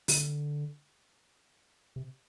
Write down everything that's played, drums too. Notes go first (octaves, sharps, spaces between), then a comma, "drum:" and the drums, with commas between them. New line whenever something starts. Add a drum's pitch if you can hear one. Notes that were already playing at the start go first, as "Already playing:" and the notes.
D3, drum: open hi-hat
C3